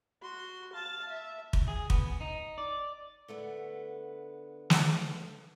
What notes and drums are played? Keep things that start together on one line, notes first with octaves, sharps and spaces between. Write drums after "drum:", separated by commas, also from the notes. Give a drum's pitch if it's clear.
F#4 C6
F5 A5
E5
drum: kick
G#4
B3, drum: kick
D#4
D5
D3 A3 B3
drum: snare